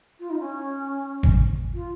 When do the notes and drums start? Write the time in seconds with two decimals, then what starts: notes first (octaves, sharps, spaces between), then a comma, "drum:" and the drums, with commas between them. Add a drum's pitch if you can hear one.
0.20 F4
0.30 D#4
0.40 C#4
1.23 drum: kick G#1
1.74 F4